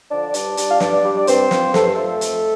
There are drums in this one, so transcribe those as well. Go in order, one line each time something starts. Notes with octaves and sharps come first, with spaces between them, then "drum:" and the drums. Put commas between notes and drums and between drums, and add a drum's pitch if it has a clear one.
D3 F3 D4 D5
G2 D4 D5, drum: hi-hat
G3, drum: hi-hat
F5
G2 D4 D5, drum: snare
G3
D5
G2 C4 C5, drum: hi-hat
F3, drum: snare
G2 A4, drum: snare
C5
F3 A3 A4
F2, drum: hi-hat